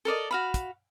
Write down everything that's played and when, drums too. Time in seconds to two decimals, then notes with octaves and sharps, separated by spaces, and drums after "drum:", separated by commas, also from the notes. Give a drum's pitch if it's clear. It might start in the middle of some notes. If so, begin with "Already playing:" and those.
0.05 A4 A#4 D5 D#5
0.31 F#4 F5 B5
0.54 drum: kick, hi-hat